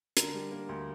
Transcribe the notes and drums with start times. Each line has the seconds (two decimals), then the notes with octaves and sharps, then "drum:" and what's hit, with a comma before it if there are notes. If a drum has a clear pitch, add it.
0.17 D3 A#4, drum: hi-hat
0.34 G3
0.51 A#3
0.69 D2